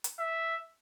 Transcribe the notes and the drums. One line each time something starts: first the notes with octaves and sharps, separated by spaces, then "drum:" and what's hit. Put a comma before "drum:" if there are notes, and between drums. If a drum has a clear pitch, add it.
drum: hi-hat
E5